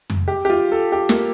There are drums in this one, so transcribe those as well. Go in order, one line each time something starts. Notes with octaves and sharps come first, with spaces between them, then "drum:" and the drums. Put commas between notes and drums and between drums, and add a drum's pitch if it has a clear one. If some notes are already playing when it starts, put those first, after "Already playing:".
drum: tom F2
G4
G4
F4
A4
G4
A#3, drum: snare